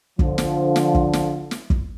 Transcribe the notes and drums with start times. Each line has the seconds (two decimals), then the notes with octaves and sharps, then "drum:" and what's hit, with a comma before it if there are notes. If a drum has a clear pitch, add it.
0.19 D3 F3, drum: kick
0.38 drum: snare
0.76 drum: snare
0.95 drum: kick
1.13 drum: snare
1.51 drum: snare
1.70 drum: kick